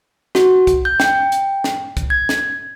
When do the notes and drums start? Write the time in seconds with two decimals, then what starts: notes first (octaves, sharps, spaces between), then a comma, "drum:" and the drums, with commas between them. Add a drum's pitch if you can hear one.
0.35 F#4, drum: snare
0.67 drum: kick, hi-hat
0.85 G6
1.00 G5, drum: snare
1.32 drum: hi-hat
1.64 drum: snare
1.97 drum: kick, hi-hat
2.10 G#6
2.29 drum: snare